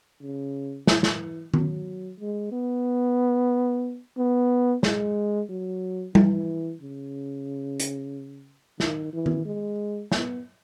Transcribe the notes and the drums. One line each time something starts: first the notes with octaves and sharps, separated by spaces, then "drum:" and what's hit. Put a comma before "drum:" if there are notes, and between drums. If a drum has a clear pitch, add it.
C#3
E3, drum: snare
drum: snare
F#3, drum: tom D#3
G#3
B3
B3
G#3, drum: snare
F#3
E3, drum: tom G3
C#3
drum: hi-hat
D#3, drum: snare
E3
drum: tom D#3
G#3
B3, drum: snare